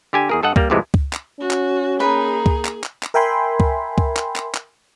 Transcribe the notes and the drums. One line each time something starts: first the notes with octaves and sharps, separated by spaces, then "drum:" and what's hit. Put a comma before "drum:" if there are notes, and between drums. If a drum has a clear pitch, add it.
D3 G4 G#5
E2 G#4 A#4
G2 A4 D#5 F#5
G3 A#3, drum: kick C#2
F2 A2 C3 E3 G#3
drum: kick C#2
drum: clap
C#4 F#4
drum: clap
A#3 D#4 G#4 B4
drum: kick C#2
drum: clap
drum: clap
drum: clap
A#4 E5 G5 G#5 B5 C6
drum: kick C#2
drum: kick C#2
drum: clap
drum: clap
drum: clap